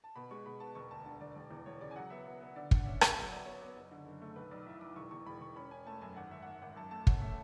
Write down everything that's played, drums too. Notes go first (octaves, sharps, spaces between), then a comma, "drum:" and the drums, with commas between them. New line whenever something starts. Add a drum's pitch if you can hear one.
A5
B2 B5
G#3 C#6
B2 B5
B3 A5
E1 C#6
D2 A5
D3 A5
E1 D5
E1
E2
E1 C#5
C#3 D5
G#5
F#3 F#5
B3 E5
B3
B3
D3 D5
D3 F#5, drum: kick
C#4 E5
C#4 E5, drum: rim click
F#3 E5
B3 D5
B3 C#5
B3
F#1
D3
F#1
A3
B1 B4
B1 D5
E3 E5
E3 D6
E1 C#6
E2 C#6
E1 B5
E1 C#6
C#4 B5
C#4 G#5
A3 A5
F#2 G#5
G#1 F#5
G#1 E5
F#5
G#1 E5
G#1 F#5
F#2 A5
A3 A5
C#4 F#5, drum: kick
A3 E5